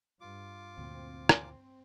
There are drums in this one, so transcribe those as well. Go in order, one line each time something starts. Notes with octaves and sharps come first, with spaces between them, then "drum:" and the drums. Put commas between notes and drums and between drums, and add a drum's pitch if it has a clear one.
G2 F4 D6
D2 A#2 C4
drum: rim click